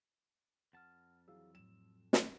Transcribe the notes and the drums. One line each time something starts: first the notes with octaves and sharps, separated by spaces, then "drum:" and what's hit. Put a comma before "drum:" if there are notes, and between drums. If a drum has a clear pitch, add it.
F2 F#5 A5 F6
E3 F#3 G#4 F5 E6
A2 F#3 E7
drum: snare